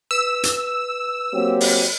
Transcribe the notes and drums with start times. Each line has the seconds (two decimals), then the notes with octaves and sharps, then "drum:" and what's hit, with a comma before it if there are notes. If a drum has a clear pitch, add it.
0.11 B4 E6
0.43 drum: hi-hat
1.34 F#3 A#3 C4 G4
1.61 drum: open hi-hat